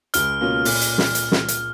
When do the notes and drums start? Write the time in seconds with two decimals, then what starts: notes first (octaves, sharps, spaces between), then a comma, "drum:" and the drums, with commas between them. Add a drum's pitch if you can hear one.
0.14 C#2 F6, drum: hi-hat
0.40 B2 A#3 C#4 F4
0.65 A#2, drum: open hi-hat
0.81 drum: hi-hat
0.98 drum: snare
1.15 drum: hi-hat
1.32 drum: snare
1.48 drum: hi-hat